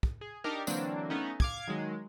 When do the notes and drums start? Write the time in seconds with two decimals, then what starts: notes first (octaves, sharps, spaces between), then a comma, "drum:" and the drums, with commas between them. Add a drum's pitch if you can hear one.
0.03 drum: kick
0.21 G#4
0.44 D4 D#4 G4 A#4
0.67 D3 E3 F#3 A#3 C4 D4, drum: tambourine
1.10 A3 B3 C#4 D#4
1.40 F5 D6 G#6, drum: kick
1.68 D#3 F#3 G#3